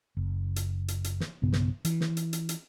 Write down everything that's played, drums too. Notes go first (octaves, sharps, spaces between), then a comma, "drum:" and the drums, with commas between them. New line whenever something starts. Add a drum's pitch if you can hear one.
F#1
drum: hi-hat
drum: hi-hat
drum: hi-hat
drum: snare
B1 G2 C#3 B3
drum: snare
E3, drum: hi-hat
drum: snare
drum: hi-hat
drum: hi-hat
drum: hi-hat